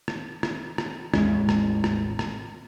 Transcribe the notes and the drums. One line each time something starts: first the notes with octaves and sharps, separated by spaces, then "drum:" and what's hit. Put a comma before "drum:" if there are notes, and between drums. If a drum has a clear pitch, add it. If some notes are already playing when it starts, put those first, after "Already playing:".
drum: rim click
drum: rim click
drum: rim click
A1 E2 G#3 C#4, drum: rim click
drum: rim click
drum: rim click
drum: rim click